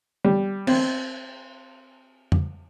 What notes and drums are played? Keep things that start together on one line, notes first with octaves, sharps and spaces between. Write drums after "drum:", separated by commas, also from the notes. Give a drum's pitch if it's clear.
G3
C4, drum: cymbal
drum: tom F2